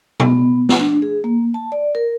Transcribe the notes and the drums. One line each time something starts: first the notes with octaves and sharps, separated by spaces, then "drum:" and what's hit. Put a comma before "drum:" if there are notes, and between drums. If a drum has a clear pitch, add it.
B3, drum: tom B2
drum: snare
D4
G#4
A#3
A5
D5
A#4